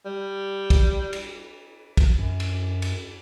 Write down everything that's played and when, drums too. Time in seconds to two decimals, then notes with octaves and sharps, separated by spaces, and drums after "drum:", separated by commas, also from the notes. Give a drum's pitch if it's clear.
0.05 G3
0.70 drum: kick, cymbal
1.13 drum: cymbal
1.97 drum: kick, cymbal
2.19 F#2
2.40 drum: cymbal
2.82 drum: cymbal